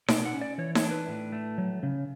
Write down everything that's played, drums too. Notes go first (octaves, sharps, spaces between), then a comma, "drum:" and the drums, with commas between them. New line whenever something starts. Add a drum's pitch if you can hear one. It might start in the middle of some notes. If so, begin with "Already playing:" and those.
B2 D5, drum: snare D#4
F#5
C#4
D5
E3 C#5
C#5, drum: snare D#4
D4
B4
A2
A3
F#3
C#3